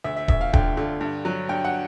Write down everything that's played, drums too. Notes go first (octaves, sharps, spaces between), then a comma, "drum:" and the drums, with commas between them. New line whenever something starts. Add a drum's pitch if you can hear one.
D2 E5
E5
D2 E5, drum: kick D#1
F5
D3 G5, drum: kick D#1
D3
G2
F#3
G2 G5
F#5